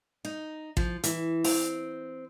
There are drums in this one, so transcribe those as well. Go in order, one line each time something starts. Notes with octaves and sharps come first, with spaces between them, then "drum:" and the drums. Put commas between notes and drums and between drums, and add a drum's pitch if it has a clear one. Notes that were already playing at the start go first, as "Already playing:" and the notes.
D#4
F3, drum: kick A1
E3, drum: hi-hat
C4, drum: open hi-hat